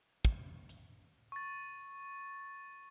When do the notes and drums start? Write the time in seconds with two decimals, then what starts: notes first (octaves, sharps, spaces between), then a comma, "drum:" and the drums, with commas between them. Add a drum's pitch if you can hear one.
0.25 drum: kick
0.69 drum: hi-hat
1.32 C#6 A6